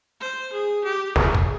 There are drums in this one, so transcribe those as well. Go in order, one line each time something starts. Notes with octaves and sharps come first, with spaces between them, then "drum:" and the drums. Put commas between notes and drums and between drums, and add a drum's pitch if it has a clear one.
C5
G#4
G4
G#4, drum: snare
drum: kick